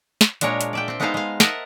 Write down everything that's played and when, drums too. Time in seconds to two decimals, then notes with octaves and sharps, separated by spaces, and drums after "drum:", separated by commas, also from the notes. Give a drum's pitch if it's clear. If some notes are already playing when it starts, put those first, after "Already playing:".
0.21 drum: snare
0.41 A#2 G#3 D4 A#4 C#5, drum: hi-hat
0.61 drum: hi-hat
0.73 D5 E5 G5
0.88 C4 G5
1.00 G#3 B3 D#4 A4 C5 F5
1.14 G#3 F5
1.40 A#4 D#5 E5 F#5 A5, drum: snare